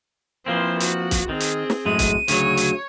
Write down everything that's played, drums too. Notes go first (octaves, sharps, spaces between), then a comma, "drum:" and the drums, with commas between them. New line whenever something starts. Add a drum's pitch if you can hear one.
E3 F3 A#3 C4 C5
F#4, drum: hi-hat
drum: kick, hi-hat
D#3 C4 G#4
drum: hi-hat
drum: snare
F#2 A2 G#3 D#7
drum: kick, hi-hat
D2 C#3 F#3 C#5, drum: hi-hat
drum: hi-hat